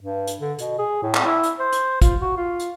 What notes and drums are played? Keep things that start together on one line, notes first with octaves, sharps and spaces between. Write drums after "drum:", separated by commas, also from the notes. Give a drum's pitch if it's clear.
G2
drum: hi-hat
D3
B2, drum: hi-hat
G#4
A2
drum: clap
E4
drum: hi-hat
C5
drum: hi-hat
F4, drum: kick, hi-hat
F#4
F4
drum: hi-hat